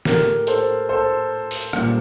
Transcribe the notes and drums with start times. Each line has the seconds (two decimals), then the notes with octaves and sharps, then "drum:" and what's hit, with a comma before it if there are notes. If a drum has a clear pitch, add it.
0.05 A2 A3 G4 A#4, drum: snare
0.47 A4 C5, drum: hi-hat
0.89 A4 C5
1.51 drum: open hi-hat
1.73 A#2 G3, drum: rim click